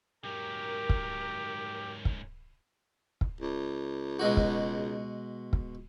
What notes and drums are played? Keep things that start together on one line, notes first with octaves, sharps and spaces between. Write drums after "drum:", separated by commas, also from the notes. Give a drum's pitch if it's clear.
G#2 F#3 G4 A#4
drum: kick
drum: kick
drum: kick
C#2
B2 G#3 F#4
drum: kick
drum: kick